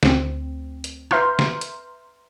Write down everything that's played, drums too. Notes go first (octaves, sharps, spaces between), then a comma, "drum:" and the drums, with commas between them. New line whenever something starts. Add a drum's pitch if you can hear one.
D2 C4, drum: snare
drum: hi-hat
B4 E5 A#5 C6 F6 G6, drum: rim click
drum: snare
drum: hi-hat